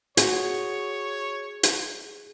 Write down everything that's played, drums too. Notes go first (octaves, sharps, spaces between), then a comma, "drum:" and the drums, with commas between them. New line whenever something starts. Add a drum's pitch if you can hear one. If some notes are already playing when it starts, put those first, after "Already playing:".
F#4 G#4 C#5, drum: hi-hat
drum: hi-hat